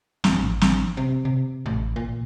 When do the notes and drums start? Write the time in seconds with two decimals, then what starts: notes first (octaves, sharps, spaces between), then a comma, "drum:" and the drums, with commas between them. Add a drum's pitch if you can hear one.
0.24 G1, drum: snare
0.39 A1
0.61 drum: snare
0.97 C3
1.25 C3
1.66 A1
1.96 A#2